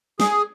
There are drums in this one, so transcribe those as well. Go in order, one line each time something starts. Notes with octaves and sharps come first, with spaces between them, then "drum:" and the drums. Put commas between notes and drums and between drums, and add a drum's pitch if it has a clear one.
G#4, drum: snare